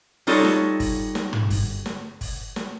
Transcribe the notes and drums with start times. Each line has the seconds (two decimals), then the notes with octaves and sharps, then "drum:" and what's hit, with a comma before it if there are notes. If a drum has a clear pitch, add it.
0.27 G3 D#4 F4 F#4 A4 C#5, drum: open hi-hat
0.45 drum: snare
0.80 drum: kick, open hi-hat
1.15 drum: snare
1.33 drum: tom
1.50 drum: kick, open hi-hat
1.86 drum: snare
2.21 drum: kick, open hi-hat
2.56 drum: snare